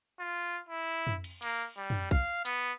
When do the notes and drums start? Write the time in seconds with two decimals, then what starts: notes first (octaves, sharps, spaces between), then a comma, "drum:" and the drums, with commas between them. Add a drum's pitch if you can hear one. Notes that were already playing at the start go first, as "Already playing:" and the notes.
0.19 F4
0.69 E4
1.07 drum: tom
1.24 drum: cymbal
1.42 A#3, drum: cymbal
1.77 G3
1.90 drum: tom
2.11 F5, drum: kick
2.45 B3, drum: hi-hat